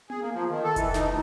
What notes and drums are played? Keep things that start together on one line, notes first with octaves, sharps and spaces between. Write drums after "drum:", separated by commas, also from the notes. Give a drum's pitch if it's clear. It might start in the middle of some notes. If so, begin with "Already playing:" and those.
G#4, drum: tom B3
A#3
F3
D#3
A4
E3, drum: kick F1, hi-hat
D#4, drum: snare
D2